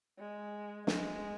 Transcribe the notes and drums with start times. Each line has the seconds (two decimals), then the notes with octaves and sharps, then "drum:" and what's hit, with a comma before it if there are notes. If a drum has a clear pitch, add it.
0.19 G#3
0.87 G#3, drum: snare